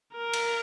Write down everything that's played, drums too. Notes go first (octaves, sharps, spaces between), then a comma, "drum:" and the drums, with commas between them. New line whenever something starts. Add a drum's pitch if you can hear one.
A#4
drum: cymbal